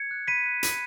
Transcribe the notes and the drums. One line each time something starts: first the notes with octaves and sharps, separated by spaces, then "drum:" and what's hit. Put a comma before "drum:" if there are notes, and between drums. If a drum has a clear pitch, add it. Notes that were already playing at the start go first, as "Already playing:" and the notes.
Already playing: G#6 C#7
F#6
B5 B6 D#7
F#6
B5, drum: hi-hat